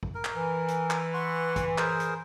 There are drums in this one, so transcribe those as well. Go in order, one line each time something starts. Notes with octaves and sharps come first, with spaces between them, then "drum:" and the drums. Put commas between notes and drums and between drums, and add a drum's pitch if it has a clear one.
drum: kick
A#4
drum: clap
E3
drum: hi-hat
drum: clap
F#5 C6 C#6
drum: kick, hi-hat
G#4 A#4 C5, drum: clap
drum: hi-hat